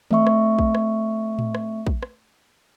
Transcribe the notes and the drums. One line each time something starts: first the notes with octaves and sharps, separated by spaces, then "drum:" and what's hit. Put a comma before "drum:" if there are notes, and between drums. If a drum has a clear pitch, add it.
A3 C4 E5 C#6, drum: tom D#3
drum: rim click
drum: kick
drum: rim click
drum: tom A2
drum: rim click
drum: kick
drum: rim click